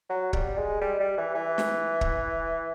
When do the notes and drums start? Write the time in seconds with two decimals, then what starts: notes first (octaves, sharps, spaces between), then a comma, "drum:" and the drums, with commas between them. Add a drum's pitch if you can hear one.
0.09 F#3
0.33 G3, drum: kick
0.57 G#3
0.81 G3
1.00 G3
1.18 E3
1.35 E3
1.58 drum: snare
2.01 drum: kick